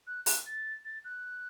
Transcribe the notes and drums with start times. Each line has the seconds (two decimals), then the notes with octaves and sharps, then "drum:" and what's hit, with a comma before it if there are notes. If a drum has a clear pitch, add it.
0.07 F#6
0.26 F#6, drum: open hi-hat
0.46 A6
0.85 A6
1.05 F#6